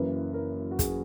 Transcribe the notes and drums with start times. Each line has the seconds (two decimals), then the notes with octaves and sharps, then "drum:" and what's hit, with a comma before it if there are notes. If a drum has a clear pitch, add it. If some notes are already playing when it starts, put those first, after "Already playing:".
Already playing: F#1 F#2 E3 A#3 B4
0.34 A#4
0.71 F#4
0.79 G#4, drum: kick, hi-hat